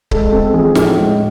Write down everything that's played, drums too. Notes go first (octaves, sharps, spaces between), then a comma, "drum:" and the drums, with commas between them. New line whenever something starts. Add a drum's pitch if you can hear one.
G#3 A4, drum: kick C#1
C4 A4
F3 G#4
A2, drum: snare
G#3